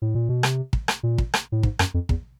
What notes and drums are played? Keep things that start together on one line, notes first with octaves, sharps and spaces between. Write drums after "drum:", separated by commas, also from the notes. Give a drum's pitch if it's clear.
A2
A#2
B2
C3, drum: rim click
drum: kick
drum: rim click
A#2
drum: kick
drum: rim click
A2
G#2, drum: kick
F#2, drum: rim click
F2
E2, drum: kick